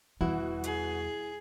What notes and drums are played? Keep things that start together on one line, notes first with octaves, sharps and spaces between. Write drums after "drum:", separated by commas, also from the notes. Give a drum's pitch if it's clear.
E2 B2 G3 E4 F#4, drum: tom D#3
G#4, drum: hi-hat